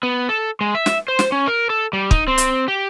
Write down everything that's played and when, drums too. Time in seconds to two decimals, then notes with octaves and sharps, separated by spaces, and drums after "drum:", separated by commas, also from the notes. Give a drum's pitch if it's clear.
0.03 B3
0.29 A4
0.61 G#3
0.75 E5
0.86 drum: snare
1.08 C5
1.19 drum: snare
1.32 C#4
1.48 A#4
1.70 A4
1.93 G3
2.11 D#4, drum: kick
2.28 C4
2.38 drum: hi-hat
2.68 G4